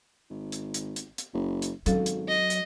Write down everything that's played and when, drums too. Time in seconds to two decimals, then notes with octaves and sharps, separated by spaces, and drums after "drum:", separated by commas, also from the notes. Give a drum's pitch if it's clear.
0.30 G#1
0.52 drum: hi-hat
0.74 drum: hi-hat
0.96 drum: hi-hat
1.18 drum: hi-hat
1.34 F#1
1.62 drum: hi-hat
1.86 G#1 F#3 C#4 A4 F5, drum: hi-hat
2.06 drum: hi-hat
2.28 D#5
2.50 drum: hi-hat